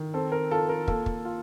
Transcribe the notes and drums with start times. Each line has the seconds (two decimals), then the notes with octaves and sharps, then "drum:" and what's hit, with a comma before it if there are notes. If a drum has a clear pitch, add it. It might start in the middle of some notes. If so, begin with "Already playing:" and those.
Already playing: D#3
0.14 C4 A4
0.32 A#4
0.51 F4 A4
0.69 A#4
0.88 A#3 A4, drum: kick
1.06 drum: kick
1.25 F4